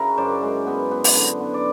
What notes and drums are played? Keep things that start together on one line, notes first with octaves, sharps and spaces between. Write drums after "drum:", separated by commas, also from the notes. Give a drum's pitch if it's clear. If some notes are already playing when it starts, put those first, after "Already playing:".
Already playing: C#3 E4 F#4 A#4
F#2 C5 D5
G#3
B3
B3
drum: open hi-hat
D3
B3
D5